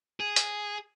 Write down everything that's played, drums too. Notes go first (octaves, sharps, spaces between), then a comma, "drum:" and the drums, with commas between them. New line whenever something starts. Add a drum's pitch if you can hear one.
G#4
drum: hi-hat